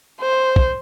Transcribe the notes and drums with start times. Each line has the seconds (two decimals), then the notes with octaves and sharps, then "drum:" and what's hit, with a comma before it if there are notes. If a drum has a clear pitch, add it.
0.21 C5
0.56 drum: kick